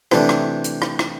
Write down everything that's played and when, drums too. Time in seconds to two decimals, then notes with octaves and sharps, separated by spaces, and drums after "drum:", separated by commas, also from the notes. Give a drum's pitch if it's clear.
0.11 C3 E3 A3 D4, drum: rim click
0.29 drum: rim click
0.64 drum: hi-hat
0.82 drum: rim click
0.99 drum: rim click